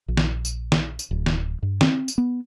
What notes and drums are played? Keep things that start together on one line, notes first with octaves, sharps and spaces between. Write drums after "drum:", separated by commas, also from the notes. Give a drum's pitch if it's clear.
A#1
drum: snare
drum: tambourine
drum: snare
drum: tambourine
D1
drum: snare
G2
C4, drum: snare
drum: tambourine
B3